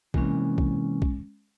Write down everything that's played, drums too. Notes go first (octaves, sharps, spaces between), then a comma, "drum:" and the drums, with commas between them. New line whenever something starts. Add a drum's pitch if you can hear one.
C3 E3 G#3 A#3 C#4, drum: kick
drum: kick
drum: kick